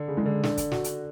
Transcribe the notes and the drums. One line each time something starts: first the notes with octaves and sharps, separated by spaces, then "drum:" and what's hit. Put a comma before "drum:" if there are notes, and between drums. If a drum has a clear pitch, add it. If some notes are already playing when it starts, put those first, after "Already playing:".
Already playing: D3
C#3
G#3
D3
D3 D4, drum: snare
drum: kick, hi-hat
F#4, drum: snare
drum: hi-hat